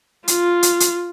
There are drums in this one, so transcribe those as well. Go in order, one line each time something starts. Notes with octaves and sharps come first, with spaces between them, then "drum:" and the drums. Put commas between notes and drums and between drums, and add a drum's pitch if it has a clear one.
F4, drum: hi-hat
drum: hi-hat
drum: hi-hat